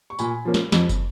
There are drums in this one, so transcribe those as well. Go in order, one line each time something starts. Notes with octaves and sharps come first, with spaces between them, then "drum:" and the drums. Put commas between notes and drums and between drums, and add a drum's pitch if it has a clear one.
C#6
A#2 G#5 B5, drum: tambourine
F3 A#3 C#4
drum: snare
F2, drum: snare
drum: kick, tambourine